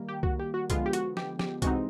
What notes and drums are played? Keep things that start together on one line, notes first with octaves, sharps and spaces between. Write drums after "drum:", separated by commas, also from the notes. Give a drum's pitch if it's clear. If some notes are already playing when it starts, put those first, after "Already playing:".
Already playing: D#3 G3 A#3
G4
F#4, drum: kick C2
G4
F#4
D3 F3 G#3 B3 F4, drum: kick C2, hi-hat
G4
F#4, drum: hi-hat
G4, drum: snare
G4, drum: snare
C3 E3 G#3 C4 D#4 F#4, drum: kick C2, hi-hat